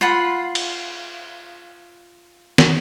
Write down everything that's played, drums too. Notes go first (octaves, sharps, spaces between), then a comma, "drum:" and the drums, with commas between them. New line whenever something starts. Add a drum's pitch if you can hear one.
F4 F#5 B5 C6
drum: cymbal
drum: snare